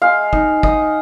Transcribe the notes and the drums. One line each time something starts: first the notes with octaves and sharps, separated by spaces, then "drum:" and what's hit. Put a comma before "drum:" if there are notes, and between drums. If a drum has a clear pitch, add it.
G#3 F5
D#4, drum: kick
D#4 D#5, drum: kick